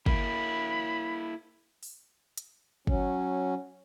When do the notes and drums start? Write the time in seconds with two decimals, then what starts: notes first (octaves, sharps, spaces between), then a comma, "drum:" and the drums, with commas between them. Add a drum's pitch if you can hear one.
0.06 A#3 E4 B5, drum: kick
1.83 drum: open hi-hat
2.37 drum: hi-hat
2.87 F#3 C#4, drum: kick